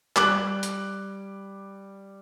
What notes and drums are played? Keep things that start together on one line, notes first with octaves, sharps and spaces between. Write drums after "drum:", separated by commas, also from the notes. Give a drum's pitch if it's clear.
G3 D6 F#6 F#7, drum: clap
drum: hi-hat